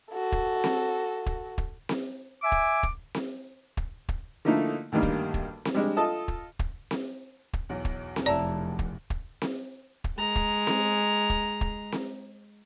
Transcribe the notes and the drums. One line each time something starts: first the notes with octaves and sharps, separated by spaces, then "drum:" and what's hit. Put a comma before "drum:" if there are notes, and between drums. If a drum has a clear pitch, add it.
F#4 A4
drum: kick
drum: snare C4
drum: kick
drum: kick
drum: snare C4
E5 G#5 D6
drum: kick
drum: kick
drum: snare C4
drum: kick
drum: kick
D3 F3 A3 A#3 D#4 E4
D2 G2 D#3 G3 A#3
drum: kick
drum: kick
drum: snare C4
G3 G#3 D4
F4 A4 D#5 A5 D#6
drum: kick
drum: kick
drum: snare C4
drum: kick
B1 E2
drum: kick
drum: snare C4
F1 E4 D5 A5 A#5
drum: kick
drum: kick
drum: snare C4
drum: kick
G#3 A#5
drum: kick
drum: snare C4
drum: kick
drum: kick
drum: snare C4